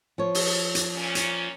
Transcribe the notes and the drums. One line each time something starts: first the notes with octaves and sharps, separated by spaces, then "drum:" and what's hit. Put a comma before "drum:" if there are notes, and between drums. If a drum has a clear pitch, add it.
F3 C#5
drum: open hi-hat
drum: hi-hat
A#2 C#4
drum: hi-hat